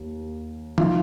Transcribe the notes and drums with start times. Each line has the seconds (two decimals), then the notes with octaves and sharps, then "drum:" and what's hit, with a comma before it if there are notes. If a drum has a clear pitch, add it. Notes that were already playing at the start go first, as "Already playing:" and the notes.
Already playing: D#2
0.78 D#3 F3 F4, drum: tom